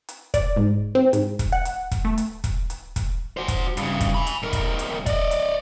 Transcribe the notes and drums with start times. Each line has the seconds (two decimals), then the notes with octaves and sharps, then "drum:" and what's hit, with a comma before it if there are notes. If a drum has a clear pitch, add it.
0.09 drum: hi-hat
0.34 D5, drum: kick, hi-hat
0.56 G#2
0.95 C4
1.13 G#2, drum: hi-hat
1.39 drum: kick, hi-hat
1.52 F#5
1.65 drum: hi-hat
1.91 drum: kick, hi-hat
2.05 A3
2.18 drum: hi-hat
2.44 drum: kick, hi-hat
2.70 drum: hi-hat
2.96 drum: kick, hi-hat
3.37 F#4 C5
3.48 drum: kick, hi-hat
3.77 G2 C#3, drum: hi-hat
4.01 drum: kick, hi-hat
4.14 G#5 B5
4.27 drum: hi-hat
4.43 B1 A#4
4.53 drum: kick, hi-hat
4.79 drum: hi-hat
5.06 D5 D#5, drum: kick, hi-hat
5.31 drum: hi-hat